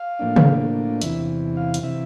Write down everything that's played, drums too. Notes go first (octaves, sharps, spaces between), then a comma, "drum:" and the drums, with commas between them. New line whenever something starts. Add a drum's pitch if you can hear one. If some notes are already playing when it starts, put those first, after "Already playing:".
Already playing: F5
A2 F3 A#3 D4
drum: tom C#3
E2 C3 E3 E5, drum: hi-hat
F5
drum: hi-hat
C3 E3 E5